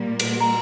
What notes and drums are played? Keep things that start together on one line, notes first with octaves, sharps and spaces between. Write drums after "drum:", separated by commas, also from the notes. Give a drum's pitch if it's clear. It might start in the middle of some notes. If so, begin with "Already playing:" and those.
Already playing: A#2 G3 A#3
drum: cymbal
A#5